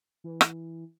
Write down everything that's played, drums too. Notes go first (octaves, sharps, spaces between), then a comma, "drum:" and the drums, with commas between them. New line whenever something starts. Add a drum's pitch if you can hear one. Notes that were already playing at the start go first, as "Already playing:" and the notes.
E3
drum: rim click